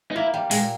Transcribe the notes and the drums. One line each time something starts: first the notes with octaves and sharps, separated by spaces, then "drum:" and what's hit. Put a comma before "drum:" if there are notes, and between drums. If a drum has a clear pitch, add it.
D#4
A#3 E4
G3
A#2 G#3, drum: open hi-hat